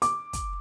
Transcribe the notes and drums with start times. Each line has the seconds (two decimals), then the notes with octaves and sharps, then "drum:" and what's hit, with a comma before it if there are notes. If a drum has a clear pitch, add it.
0.02 D6, drum: hi-hat
0.33 drum: kick, hi-hat